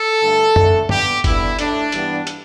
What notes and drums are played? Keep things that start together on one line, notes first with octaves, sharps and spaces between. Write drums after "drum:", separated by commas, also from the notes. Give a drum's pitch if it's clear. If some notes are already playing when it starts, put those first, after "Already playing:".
Already playing: A4
G2 D3 A3
D3 A3, drum: tom
G2 G3 B3 G4, drum: tom
D3 G3 B3 E4, drum: kick F#1, hi-hat
A2 A3 D4, drum: hi-hat
G2 E3 G3 B3, drum: hi-hat
drum: hi-hat